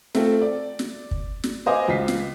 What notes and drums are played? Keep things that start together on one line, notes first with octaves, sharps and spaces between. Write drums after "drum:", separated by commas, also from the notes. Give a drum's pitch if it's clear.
A3 C4 F4 A4, drum: snare
D5
drum: snare
drum: kick
drum: snare
B4 C5 D#5 F5 G#5 D6
C#2 F4 B6 C7
drum: snare